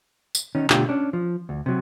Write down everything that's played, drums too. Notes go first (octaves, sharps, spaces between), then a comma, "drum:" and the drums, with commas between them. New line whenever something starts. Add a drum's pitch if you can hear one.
drum: tambourine
D#3 C#4 D#4
B2 D3 A3 F4 G4, drum: clap
C#4 D4
F3
D2
C3 F#3